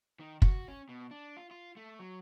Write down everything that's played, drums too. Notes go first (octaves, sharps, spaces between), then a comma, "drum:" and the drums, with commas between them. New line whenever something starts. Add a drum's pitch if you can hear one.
D#3
F#4, drum: kick
C#4
B2
D4
F4
F4
A3
F#3